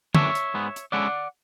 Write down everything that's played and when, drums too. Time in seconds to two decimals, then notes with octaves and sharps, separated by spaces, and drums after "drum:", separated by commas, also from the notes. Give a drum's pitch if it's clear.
0.15 F#2 C#3 E3 A3 D4 C#5 E5, drum: tom
0.35 drum: hi-hat
0.54 G#2 G#3 B3
0.76 drum: hi-hat
0.92 D3 G#3 C#4 E4 D5 F#5